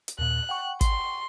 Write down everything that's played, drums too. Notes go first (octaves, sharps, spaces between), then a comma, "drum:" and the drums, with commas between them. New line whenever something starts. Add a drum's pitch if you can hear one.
drum: hi-hat
D#2 A#2 F#6
F#5 G5 C#6
C6, drum: kick, hi-hat